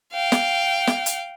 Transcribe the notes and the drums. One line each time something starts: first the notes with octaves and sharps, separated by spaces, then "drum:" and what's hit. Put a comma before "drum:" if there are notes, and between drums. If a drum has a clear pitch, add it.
F5 G5
drum: snare
drum: snare
drum: hi-hat